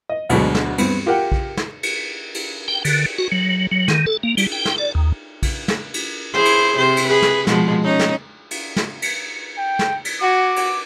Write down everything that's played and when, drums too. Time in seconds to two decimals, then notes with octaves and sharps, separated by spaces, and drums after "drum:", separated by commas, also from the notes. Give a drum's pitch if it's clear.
0.10 D#5
0.29 D2 B2 D3 F#3 G#3, drum: cymbal
0.55 drum: snare
0.78 G2 B3 C4, drum: cymbal
1.06 F4 G4 A#4 F#5 G5
1.32 drum: kick A#1
1.57 drum: snare
1.83 drum: cymbal
2.34 drum: cymbal
2.68 G5
2.85 D3, drum: cymbal
3.19 F#4
3.32 F#3
3.72 F#3
3.88 D#3, drum: snare
4.07 A4
4.23 A#3
4.37 G3, drum: cymbal
4.52 G5
4.66 drum: snare
4.78 D5
4.95 D#2
5.43 drum: kick A#1, cymbal
5.68 drum: snare
5.94 drum: cymbal
6.33 E4 G#4 C5
6.45 drum: cymbal
6.77 C3 C5
6.97 drum: cymbal
7.08 G#4 B4
7.22 drum: snare
7.47 B2 F3 G#3, drum: snare
7.84 C#4 D#4
7.99 drum: snare
8.51 drum: cymbal
8.76 drum: snare
9.02 drum: cymbal
9.59 G5
9.79 drum: snare
10.05 drum: cymbal
10.22 F#4 D6
10.56 drum: cymbal